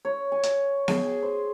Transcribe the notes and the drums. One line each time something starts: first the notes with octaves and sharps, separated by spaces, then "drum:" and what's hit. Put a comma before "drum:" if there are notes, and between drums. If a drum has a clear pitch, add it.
C#5
G#5
drum: hi-hat
G#4, drum: snare B3
C5